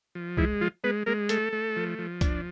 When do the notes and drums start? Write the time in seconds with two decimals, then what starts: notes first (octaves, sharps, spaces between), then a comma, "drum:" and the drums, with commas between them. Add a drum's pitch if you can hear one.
0.15 F3
0.37 E3 G#3 E4, drum: kick C2
0.61 F3 F4
0.84 G#3 B3 B4
1.06 G#3 A#3 A#4
1.29 A3 A4, drum: hi-hat
1.53 A3
1.76 F3
1.99 F3
2.21 D4, drum: kick C2, hi-hat